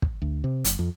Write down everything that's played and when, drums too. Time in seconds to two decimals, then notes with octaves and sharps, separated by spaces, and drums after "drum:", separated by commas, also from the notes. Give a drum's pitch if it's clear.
0.02 drum: kick
0.22 D2
0.44 C3
0.65 F#1, drum: hi-hat
0.79 F2